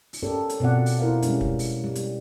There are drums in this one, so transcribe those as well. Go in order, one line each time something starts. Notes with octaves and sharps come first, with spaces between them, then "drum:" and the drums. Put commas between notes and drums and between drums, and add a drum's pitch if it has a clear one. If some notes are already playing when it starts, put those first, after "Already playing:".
drum: open hi-hat
C#4 G4 A4 A#4 C#5 D5
drum: hi-hat
B2 C4 F4 D5 F#5
drum: open hi-hat
E4 A#4 C5 F5
G3 G#3 C#4, drum: hi-hat
drum: kick
drum: open hi-hat
G3
drum: hi-hat